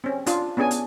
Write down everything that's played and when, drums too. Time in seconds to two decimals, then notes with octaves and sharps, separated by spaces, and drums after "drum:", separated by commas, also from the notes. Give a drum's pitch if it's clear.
0.04 C4 C#4
0.26 D4 F4, drum: hi-hat
0.57 B3 C#4 D4 G#4 G#5
0.71 drum: hi-hat